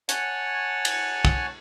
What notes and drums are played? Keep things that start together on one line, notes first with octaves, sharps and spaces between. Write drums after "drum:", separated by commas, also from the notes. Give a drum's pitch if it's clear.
C#5 F#5 G#5 A5, drum: hi-hat
drum: cymbal
drum: kick